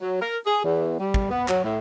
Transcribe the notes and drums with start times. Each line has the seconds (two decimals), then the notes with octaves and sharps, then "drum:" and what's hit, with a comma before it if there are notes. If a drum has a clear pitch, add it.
0.02 F#3
0.20 A#4
0.44 G#4
0.64 E2
0.99 G3
1.14 drum: kick
1.30 B3
1.48 F#3, drum: clap
1.64 A2